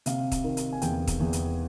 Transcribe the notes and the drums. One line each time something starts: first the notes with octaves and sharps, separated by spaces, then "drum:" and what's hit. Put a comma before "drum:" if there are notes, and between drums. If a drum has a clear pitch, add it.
C3 F5, drum: hi-hat
drum: kick, hi-hat
D#3
drum: hi-hat
G#5
E2 G5, drum: hi-hat
drum: kick, hi-hat
E2
drum: hi-hat